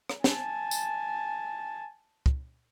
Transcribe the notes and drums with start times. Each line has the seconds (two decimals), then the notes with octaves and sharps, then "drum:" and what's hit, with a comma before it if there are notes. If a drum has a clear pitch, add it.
0.09 drum: rim click
0.24 G#5 A5, drum: snare
0.71 drum: tambourine
2.26 drum: kick